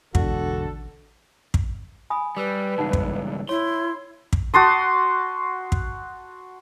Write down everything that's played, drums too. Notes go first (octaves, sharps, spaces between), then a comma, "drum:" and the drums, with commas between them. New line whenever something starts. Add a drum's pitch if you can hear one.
E1 A1 D3 F#4 A4, drum: kick
drum: kick
G#5 B5 D#6
G3 B4 D6 E6 F#6
C#2 G2 D#4 F#5
drum: kick
E4 C#5 C6
drum: kick
F#4 A5 C6 D#6
drum: kick